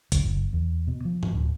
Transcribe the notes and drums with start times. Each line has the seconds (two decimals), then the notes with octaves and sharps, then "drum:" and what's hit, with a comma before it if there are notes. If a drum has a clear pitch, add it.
0.12 D3, drum: kick, hi-hat
0.24 F#1
0.53 E2
0.87 B2
1.05 F3
1.23 drum: tom G2
1.33 D1